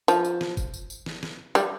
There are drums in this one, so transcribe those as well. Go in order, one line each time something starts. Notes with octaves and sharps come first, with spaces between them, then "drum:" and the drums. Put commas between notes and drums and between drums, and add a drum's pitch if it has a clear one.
F3, drum: tambourine
drum: tambourine
drum: snare
drum: kick F#1, tambourine
drum: tambourine
drum: tambourine
drum: snare
drum: snare
G3, drum: tambourine